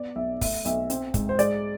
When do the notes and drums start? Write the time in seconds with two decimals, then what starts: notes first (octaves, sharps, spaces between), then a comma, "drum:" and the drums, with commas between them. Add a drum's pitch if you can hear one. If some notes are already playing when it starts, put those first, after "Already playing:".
Already playing: B3 D5
0.16 B1 E5
0.41 A3 E5, drum: kick, open hi-hat
0.65 B1 E5, drum: hi-hat
0.90 C4, drum: hi-hat
1.14 G#2, drum: kick, hi-hat
1.29 C5
1.39 G#3 D5, drum: hi-hat